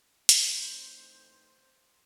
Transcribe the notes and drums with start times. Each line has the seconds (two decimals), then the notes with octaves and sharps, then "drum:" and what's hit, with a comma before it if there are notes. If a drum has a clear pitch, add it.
0.29 E3 A3 C4 D#4 C5, drum: hi-hat